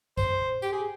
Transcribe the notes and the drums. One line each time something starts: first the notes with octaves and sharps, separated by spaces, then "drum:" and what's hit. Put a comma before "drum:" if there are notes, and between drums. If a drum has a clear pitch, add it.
C5, drum: kick A#1, tambourine
G4, drum: tambourine
G#4